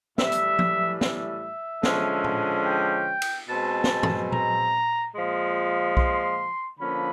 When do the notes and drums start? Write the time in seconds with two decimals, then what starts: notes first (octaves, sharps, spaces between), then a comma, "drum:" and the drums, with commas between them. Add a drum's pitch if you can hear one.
0.18 A2 E3 G3 E5, drum: snare
0.32 drum: hi-hat
0.59 drum: tom F3
1.01 E5, drum: snare
1.83 D3 F3 G#3 C#4, drum: snare
2.24 drum: tom
2.66 G5
3.22 drum: cymbal
3.49 B2 G#3 C4 A5
3.84 drum: snare
4.03 drum: tom
4.32 A#5, drum: tom A#2
5.14 A#2 F3 G#3
5.97 C6, drum: kick B1
6.80 D3 F3 A#3 C#4 B5